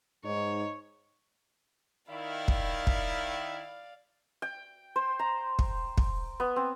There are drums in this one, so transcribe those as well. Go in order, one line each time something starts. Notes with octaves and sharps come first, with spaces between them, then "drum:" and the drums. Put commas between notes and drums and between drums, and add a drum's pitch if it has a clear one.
G#2 D#4 C#5
D#3 E4 D5 F5
drum: kick
drum: kick
G5
C5
A#5
drum: kick
drum: kick
B3
C4